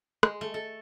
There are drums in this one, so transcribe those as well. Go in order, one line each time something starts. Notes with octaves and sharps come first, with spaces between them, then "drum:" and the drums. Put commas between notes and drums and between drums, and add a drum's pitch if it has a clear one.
G#3, drum: rim click
A3
A4